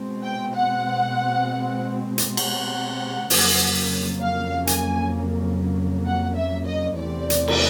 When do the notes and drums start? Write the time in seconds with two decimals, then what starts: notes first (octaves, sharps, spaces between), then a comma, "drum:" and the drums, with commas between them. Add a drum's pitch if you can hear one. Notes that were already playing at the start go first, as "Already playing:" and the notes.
Already playing: B2 G#3 C4
0.23 G5
0.54 F#5
2.18 drum: hi-hat
2.37 F#5, drum: cymbal
3.30 F2 C#3 F#3 A#3, drum: open hi-hat
4.22 F5
4.67 G#5, drum: hi-hat
6.05 F#5
6.35 E5
6.66 D#5
6.97 E2 C3 E3 A3 C4 D5
7.30 drum: hi-hat
7.48 drum: cymbal